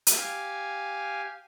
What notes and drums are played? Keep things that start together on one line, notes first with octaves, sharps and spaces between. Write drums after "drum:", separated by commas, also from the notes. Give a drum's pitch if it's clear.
drum: hi-hat
G4 F5 G#5